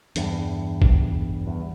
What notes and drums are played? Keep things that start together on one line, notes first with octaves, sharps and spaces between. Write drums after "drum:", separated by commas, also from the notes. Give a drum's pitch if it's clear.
E2 G2, drum: hi-hat
drum: kick A1
E2